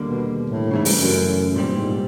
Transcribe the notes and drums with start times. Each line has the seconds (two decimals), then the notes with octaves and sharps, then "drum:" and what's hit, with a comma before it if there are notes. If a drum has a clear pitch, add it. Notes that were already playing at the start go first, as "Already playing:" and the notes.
Already playing: D#2 D3 G3 A#3
0.08 B2
0.50 A2
0.71 G#2 C#3 E3 A3
0.85 G2, drum: open hi-hat
0.99 F#2
1.55 C2 G2 A#2 G3 C4
1.76 G#2